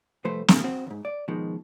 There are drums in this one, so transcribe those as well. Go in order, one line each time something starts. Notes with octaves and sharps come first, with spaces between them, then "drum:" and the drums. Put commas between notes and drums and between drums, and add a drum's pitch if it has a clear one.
C2 F3 A3 B4 C5
C3 A3 A#3, drum: snare
C4 F#4
D#2 G#2
D5
B2 D#3 F3 G#3